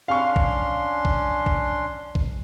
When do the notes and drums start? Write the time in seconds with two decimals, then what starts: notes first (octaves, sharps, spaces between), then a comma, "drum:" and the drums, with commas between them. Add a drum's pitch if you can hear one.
0.08 C#4 D4 F5 C6 C#6
0.36 drum: kick
1.05 drum: kick
1.46 drum: kick
2.15 drum: kick